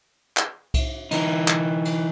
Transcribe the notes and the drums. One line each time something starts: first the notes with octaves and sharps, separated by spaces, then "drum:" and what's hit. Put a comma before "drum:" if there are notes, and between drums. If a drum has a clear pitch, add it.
drum: clap
drum: kick C2, cymbal
E3 D#4, drum: cymbal
drum: clap
drum: cymbal